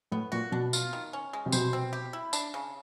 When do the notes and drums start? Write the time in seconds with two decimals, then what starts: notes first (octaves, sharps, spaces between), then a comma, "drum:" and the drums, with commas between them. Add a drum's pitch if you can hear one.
0.12 A2 B3
0.32 A#2 F#4
0.52 B2 D4
0.73 F4, drum: tambourine
0.93 D#3
1.13 C#4
1.33 G#3
1.46 C3
1.52 B2 C5, drum: tambourine
1.73 C4
1.93 G4
2.13 E4
2.33 D4, drum: tambourine
2.54 C#3